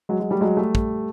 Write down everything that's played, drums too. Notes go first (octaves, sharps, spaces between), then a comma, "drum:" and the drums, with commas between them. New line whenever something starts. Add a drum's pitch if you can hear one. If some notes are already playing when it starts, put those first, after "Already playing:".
F#3 G#3
F#3 G#3
G3 A3
F#3 G#3
G3 A3
drum: kick